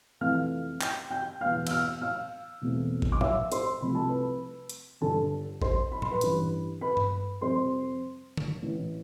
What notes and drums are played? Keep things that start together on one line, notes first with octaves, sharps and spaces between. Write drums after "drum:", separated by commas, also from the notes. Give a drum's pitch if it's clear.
F2 C3 E3 A3 F5 F6
G5 G6, drum: clap
G5 G6
E2 B2 B3 F5 F6
E6, drum: cymbal
F5 F6
F5 F6
E1 E2 B2 A3 C4
drum: kick
D6
E5 E6, drum: tom A2
C5 C6, drum: hi-hat
C2 C3 F3 A3 B5
A5
B4 B5
drum: hi-hat
G1 G2 D3 A4 A5
C5 C6, drum: kick
B5
C6, drum: tom A2
B4 B5
A1 G2 E3, drum: hi-hat
B4 B5
drum: tom G2
F2 C3 G3 C4 C5 C6
drum: tom D3
A1 A2 E3